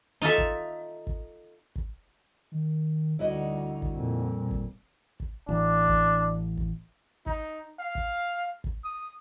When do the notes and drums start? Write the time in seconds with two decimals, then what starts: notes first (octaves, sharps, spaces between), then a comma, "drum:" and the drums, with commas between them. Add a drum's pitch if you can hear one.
0.22 D#4 F4 A4 E5
0.38 drum: kick
1.07 drum: kick
1.76 drum: kick
2.52 D#3
3.19 D2 G3 D#4 E4 F#4 D#5
3.82 drum: kick
3.93 F2 A#2
4.51 drum: kick
5.20 drum: kick
5.49 A1 D4
5.89 drum: kick
6.57 drum: kick
7.26 D#4, drum: kick
7.79 F5
7.95 drum: kick
8.64 drum: kick
8.84 D#6